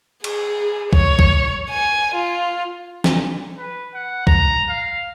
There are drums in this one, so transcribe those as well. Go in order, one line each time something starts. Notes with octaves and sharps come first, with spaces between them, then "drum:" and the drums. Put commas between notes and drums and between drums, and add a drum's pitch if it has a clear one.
G#4, drum: cymbal
C#5, drum: kick
drum: kick
G#5
F4
drum: snare
B4
F#5
A#5, drum: kick
F5